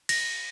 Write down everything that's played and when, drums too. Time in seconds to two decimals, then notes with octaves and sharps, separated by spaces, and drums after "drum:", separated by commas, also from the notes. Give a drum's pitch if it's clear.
0.09 A#6, drum: cymbal